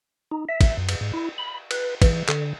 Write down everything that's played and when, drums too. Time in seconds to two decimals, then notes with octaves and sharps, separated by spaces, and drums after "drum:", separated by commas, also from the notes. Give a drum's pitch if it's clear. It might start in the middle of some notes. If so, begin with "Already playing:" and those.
0.32 D#4
0.49 E5
0.61 drum: kick, cymbal
0.77 F#2
0.89 drum: cymbal
1.01 G#2
1.14 E4
1.38 B5
1.71 B4, drum: cymbal
2.02 E3, drum: kick, cymbal
2.29 D3, drum: clap